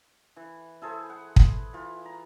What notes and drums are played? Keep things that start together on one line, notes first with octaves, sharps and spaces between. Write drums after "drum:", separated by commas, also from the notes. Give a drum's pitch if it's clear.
E3
E4 G#4 A4 C5
F#5
drum: kick
E3 F4 B5
A#5